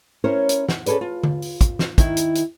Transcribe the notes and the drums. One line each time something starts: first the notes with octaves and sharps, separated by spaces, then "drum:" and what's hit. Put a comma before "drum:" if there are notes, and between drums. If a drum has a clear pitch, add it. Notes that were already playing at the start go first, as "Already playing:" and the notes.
C#4 E4 A#4 C5 C#5
drum: hi-hat
F#5, drum: snare
C#4 G#4 A4 B4 D5, drum: hi-hat
F4
drum: tom D3
drum: open hi-hat
drum: kick, hi-hat
drum: snare
D#3 E4, drum: kick, hi-hat
drum: hi-hat
drum: hi-hat